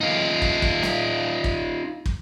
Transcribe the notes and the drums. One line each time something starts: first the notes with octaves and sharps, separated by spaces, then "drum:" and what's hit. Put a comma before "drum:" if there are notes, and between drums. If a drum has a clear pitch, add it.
D#4 F4
drum: kick
drum: kick
drum: snare
drum: kick
drum: kick